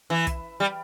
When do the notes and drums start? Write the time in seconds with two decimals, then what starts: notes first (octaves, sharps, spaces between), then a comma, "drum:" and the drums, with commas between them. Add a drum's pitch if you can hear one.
0.10 E3
0.27 drum: kick, hi-hat
0.60 G3